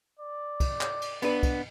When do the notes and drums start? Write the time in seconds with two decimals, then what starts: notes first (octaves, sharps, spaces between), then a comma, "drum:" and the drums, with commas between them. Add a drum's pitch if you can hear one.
0.19 D5
0.60 drum: kick, cymbal
0.81 drum: clap
1.02 drum: cymbal
1.22 B3 D4 B4, drum: cymbal
1.43 drum: kick, cymbal